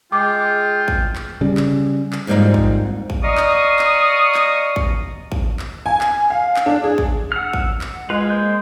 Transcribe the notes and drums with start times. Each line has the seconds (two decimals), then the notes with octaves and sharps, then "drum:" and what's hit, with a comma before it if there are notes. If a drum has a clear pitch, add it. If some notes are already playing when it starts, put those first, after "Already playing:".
0.12 G#3 F4 G5 D6
0.88 drum: kick
1.16 drum: clap
1.41 C#3 G3
1.57 drum: clap
2.13 drum: clap
2.27 F2 G#2 G3 A#3 D#4
2.54 drum: kick
3.10 drum: kick
3.24 D5 D#5 F5 A#5 C#6 D#6
3.37 drum: clap
3.79 drum: clap
4.34 drum: clap
4.76 drum: kick
5.32 drum: kick
5.59 drum: clap
5.86 G#5
6.01 drum: clap
6.30 F5
6.56 drum: clap
6.66 D4
6.84 G#4
6.98 drum: kick
7.32 F#5 E6 F6
7.53 drum: kick
7.81 drum: clap
8.10 G#3 F4 B4
8.30 A#3 C5 G6